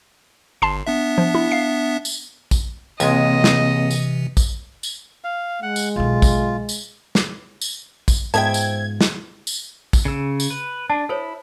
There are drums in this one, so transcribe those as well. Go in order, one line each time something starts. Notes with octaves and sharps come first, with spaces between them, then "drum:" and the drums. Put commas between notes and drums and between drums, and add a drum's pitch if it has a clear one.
G1 A5 C6 C7
B3 D4 E5
F3
E4
F5 C7
drum: tambourine
drum: kick, tambourine
C#2 C3 E3 G#3 A#3 C4 D#5, drum: tambourine
drum: snare
drum: tambourine
drum: kick, tambourine
drum: tambourine
F5
G#3 F#5
drum: tambourine
B1 D3 F4
drum: kick, tambourine
drum: tambourine
drum: snare
drum: tambourine
drum: kick, tambourine
G#2 F3 B3 C5 E5 G5 A5 G#6
drum: tambourine
drum: snare
drum: tambourine
drum: kick, tambourine
C#3 E6
drum: tambourine
B4
D4 A5
E4 A4 C5 C#5